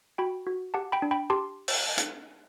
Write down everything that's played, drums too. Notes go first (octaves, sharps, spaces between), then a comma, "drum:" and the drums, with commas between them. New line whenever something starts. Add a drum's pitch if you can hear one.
F#4 G5 B5
F#4
G4 F#5 A5
G5 B5
D4
G5 B5
G4 A5 C6
drum: open hi-hat
drum: hi-hat